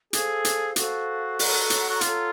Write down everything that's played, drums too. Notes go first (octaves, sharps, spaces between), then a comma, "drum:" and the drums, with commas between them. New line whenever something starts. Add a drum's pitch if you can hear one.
G#4 A4 C5 F5, drum: hi-hat
drum: hi-hat
F#4 A4 C5 F5, drum: hi-hat
A4 C#5 F#5 A#5, drum: open hi-hat
drum: hi-hat
F#4
F4 A4 C#5 F#5 A#5, drum: hi-hat